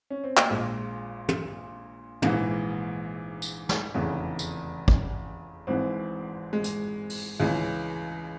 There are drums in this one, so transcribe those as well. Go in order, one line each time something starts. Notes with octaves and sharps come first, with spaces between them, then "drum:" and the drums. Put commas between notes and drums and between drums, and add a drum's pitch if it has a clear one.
C#4
C4
A#3, drum: clap
A#1 A#2 G#3
drum: tom
A#1 G#2 E3 A#3, drum: tom
drum: tambourine
drum: snare
F1 E2 C#3 E3
drum: tambourine
drum: kick
G#1 G#2 E3 C4
G#3
drum: hi-hat
drum: open hi-hat
C#2 C#3 E3 G#3